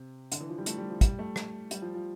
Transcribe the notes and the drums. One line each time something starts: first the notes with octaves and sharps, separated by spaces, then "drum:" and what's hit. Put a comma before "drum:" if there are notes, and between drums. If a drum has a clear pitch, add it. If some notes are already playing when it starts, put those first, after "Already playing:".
Already playing: C3
D3, drum: hi-hat
E3
F3
G3
A3, drum: hi-hat
G3
F3
G3, drum: kick, hi-hat
A3
drum: rim click
G3, drum: hi-hat
F3
F3